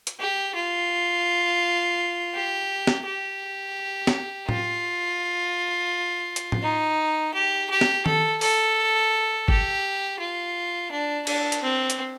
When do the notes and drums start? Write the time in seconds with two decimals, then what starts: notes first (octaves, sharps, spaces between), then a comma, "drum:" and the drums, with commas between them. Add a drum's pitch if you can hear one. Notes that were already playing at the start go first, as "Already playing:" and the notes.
0.07 drum: hi-hat
0.20 G4
0.55 F4
2.34 G4
2.87 drum: snare
3.05 G4
4.07 drum: snare
4.49 F4, drum: tom A2
6.36 drum: hi-hat
6.52 drum: tom A2
6.62 D#4
7.34 G4
7.70 G4
7.81 drum: snare
8.06 A4, drum: tom D#3
8.41 A4, drum: open hi-hat
9.48 G4, drum: kick
10.20 F4
10.91 D4
11.27 D4, drum: cymbal
11.52 drum: hi-hat
11.63 C4
11.90 drum: hi-hat